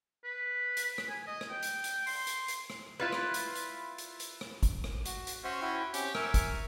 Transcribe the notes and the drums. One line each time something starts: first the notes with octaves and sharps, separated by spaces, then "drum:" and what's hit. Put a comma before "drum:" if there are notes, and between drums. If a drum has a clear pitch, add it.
B4
drum: hi-hat
drum: rim click
G#5
D#5
drum: rim click
G5
drum: hi-hat
drum: hi-hat
C6, drum: open hi-hat
drum: hi-hat
drum: hi-hat
drum: rim click
E4 F4 B4
drum: rim click
drum: hi-hat
drum: hi-hat
drum: hi-hat
drum: hi-hat
drum: rim click
drum: kick, hi-hat
drum: rim click
F#4, drum: hi-hat
drum: hi-hat
C#4 F#4 C5 E5
E4 F#4 G5
C4 C#4 G4, drum: hi-hat
A#4 E5 G#5 C#6, drum: rim click
drum: kick, hi-hat